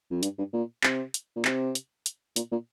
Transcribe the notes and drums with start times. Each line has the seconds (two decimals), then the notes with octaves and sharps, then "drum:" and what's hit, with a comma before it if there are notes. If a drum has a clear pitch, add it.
0.11 F2
0.23 G2, drum: hi-hat
0.38 G2
0.53 A#2
0.83 C3, drum: clap
1.14 drum: hi-hat
1.36 A#2
1.45 C3, drum: clap
1.75 drum: hi-hat
2.06 drum: hi-hat
2.36 A#2, drum: hi-hat
2.52 A#2